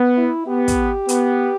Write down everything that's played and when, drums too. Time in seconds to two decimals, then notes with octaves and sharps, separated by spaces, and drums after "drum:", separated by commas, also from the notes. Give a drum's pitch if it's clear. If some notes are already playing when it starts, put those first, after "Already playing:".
Already playing: B3
0.18 E4
0.47 B3 G4
0.68 drum: kick, hi-hat
1.09 B3, drum: hi-hat